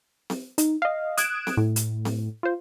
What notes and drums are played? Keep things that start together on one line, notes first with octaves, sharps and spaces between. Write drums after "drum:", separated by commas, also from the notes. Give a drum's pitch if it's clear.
drum: snare C4
D#4, drum: hi-hat
D#5 F5
D#6 F#6 G#6 D7 E7, drum: hi-hat
drum: snare C4
A2
drum: hi-hat
drum: snare C4
F4 C5